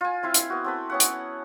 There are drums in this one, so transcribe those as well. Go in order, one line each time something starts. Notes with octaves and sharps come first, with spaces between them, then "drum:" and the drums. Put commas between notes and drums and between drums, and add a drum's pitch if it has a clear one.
F4 G#5
C4 E4 F5
drum: hi-hat
B3 F#4
C4 A4 B4
B3 C#4 F#5
drum: hi-hat